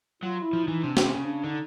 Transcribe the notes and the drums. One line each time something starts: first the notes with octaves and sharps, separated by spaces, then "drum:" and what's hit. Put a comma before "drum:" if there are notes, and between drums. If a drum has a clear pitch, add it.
F#3 F4
E4
F3
E3 D#4
C3 D4
D4, drum: snare
C#4
C#3
D4
D3 D#4